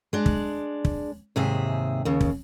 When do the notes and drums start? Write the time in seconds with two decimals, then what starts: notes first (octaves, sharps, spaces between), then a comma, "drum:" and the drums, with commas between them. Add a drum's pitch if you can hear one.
0.13 G#3 D4
0.26 drum: kick
0.85 drum: kick
1.36 D#2 G#2 C3 G#4 E5
2.05 D#2 C#3
2.21 drum: kick